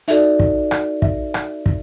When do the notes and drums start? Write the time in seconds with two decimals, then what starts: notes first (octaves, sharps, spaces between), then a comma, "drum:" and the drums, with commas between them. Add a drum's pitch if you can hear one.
0.08 D#4 F#4 A4 D5 E5, drum: hi-hat
0.39 drum: kick
0.71 drum: rim click
1.02 E5, drum: kick
1.34 drum: rim click
1.66 drum: kick